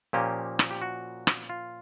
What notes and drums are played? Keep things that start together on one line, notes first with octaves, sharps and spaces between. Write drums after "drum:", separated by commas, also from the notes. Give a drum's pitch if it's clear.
A#2 F3 A#3 C#4 G4
drum: rim click
G4
F#4
drum: rim click
F4